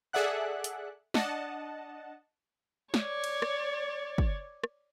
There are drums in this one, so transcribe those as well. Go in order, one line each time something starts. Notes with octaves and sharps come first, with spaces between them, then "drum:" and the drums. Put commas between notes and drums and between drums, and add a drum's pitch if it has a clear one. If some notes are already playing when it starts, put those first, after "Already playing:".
G#4 A4 D5 E5 F#5 F#6
drum: hi-hat
D4 D#5 F#5 A5, drum: snare
C#5 D5, drum: snare
drum: cymbal
drum: rim click
drum: kick
drum: rim click